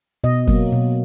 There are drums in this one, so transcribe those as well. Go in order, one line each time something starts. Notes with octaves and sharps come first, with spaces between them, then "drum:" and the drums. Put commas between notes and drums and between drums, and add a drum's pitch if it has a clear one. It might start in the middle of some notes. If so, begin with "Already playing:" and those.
B2 D#5
F#3 A#3, drum: kick
B2